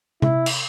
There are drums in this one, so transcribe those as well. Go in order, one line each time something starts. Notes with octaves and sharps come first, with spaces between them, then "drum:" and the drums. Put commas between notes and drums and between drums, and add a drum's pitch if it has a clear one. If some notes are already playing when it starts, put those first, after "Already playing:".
E4, drum: tom C3
drum: cymbal